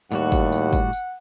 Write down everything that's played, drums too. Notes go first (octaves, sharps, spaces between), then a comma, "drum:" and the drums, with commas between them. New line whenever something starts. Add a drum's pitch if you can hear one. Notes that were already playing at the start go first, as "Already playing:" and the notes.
D#2 A2 G3 F#4 F#5, drum: tambourine
drum: kick, tambourine
drum: tambourine
drum: kick, tambourine
drum: tambourine